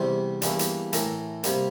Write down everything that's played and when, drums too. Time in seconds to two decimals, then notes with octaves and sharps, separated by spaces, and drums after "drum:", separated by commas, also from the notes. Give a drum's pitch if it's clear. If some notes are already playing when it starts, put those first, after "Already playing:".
Already playing: E2 C3 G3 C5
0.42 E2 E3 G3 A#3 D4, drum: hi-hat
0.59 drum: hi-hat
0.93 A2 E3 A3 A#4, drum: hi-hat
1.43 C3 G3 A#3, drum: hi-hat